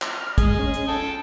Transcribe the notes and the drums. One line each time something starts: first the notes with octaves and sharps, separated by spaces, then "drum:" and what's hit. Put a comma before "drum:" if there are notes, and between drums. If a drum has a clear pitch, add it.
drum: clap
F6
G#3 D#5 G#5, drum: kick, hi-hat
C#4
drum: hi-hat
A4 G5